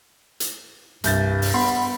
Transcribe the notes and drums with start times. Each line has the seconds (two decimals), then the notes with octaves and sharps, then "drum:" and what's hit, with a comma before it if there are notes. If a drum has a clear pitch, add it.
0.40 drum: hi-hat
1.04 C2 G2 G6 A6, drum: hi-hat
1.42 drum: open hi-hat
1.54 B3 B5 C6